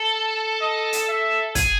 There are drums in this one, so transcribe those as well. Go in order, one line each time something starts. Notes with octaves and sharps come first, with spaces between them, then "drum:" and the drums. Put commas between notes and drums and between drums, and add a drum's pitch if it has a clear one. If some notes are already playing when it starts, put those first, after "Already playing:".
Already playing: A4
D#5
drum: hi-hat
E5
G#4, drum: kick, hi-hat